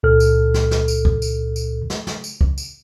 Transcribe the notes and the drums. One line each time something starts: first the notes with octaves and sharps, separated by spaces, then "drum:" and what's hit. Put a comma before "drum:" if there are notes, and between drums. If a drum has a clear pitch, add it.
C#2 A#2 A4 F6
drum: tambourine
drum: snare
drum: snare
drum: tambourine
drum: kick
drum: tambourine
drum: tambourine
drum: snare
drum: snare
drum: tambourine
drum: kick
drum: tambourine